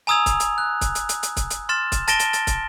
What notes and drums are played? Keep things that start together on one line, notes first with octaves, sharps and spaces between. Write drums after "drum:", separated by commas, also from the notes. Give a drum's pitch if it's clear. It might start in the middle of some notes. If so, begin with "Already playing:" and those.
G#5 A#5 D#6 E6 G#6 F7
drum: kick, hi-hat
drum: hi-hat
F#6
drum: kick, hi-hat
drum: hi-hat
drum: hi-hat
drum: hi-hat
drum: kick, hi-hat
drum: hi-hat
C6 F6 A6 E7
drum: kick, hi-hat
A5 A6 A#6 D7 E7 G7, drum: hi-hat
drum: hi-hat
A6, drum: hi-hat
drum: kick, hi-hat